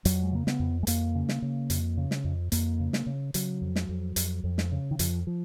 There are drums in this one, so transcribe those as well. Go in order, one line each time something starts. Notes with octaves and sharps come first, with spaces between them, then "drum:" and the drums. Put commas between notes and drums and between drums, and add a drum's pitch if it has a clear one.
F2 F#3, drum: hi-hat
G#3
C#3 A#3
B3, drum: snare
F2
G#3
F2 A#3, drum: hi-hat
C#3
drum: snare
C#3
F2, drum: hi-hat
C#3
drum: snare
F2
F2 A#3, drum: hi-hat
C#3
drum: snare
C#3
C#3 F#3, drum: hi-hat
F2
drum: snare
F2
F2, drum: hi-hat
F2
drum: snare
C#3
D#3
F2 F3, drum: hi-hat
F3